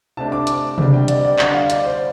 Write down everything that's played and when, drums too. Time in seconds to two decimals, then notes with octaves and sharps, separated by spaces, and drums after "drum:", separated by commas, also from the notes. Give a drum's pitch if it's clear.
0.17 C3 A3 D4 A5
0.32 D6
0.47 D6, drum: hi-hat
0.78 C3 G3 D4, drum: tom C3
0.94 G5
1.08 D5, drum: hi-hat
1.25 D5
1.39 D3 G3 D4, drum: clap
1.54 F5
1.70 D5, drum: hi-hat
1.85 C5